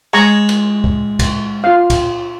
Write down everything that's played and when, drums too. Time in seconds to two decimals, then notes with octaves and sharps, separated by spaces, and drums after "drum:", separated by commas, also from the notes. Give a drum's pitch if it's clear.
0.13 G#3 G#5 A#5 C#6
0.49 drum: cymbal
0.84 drum: kick C#2
1.19 drum: kick C#2, cymbal
1.64 F4 F5
1.90 drum: kick C#2, cymbal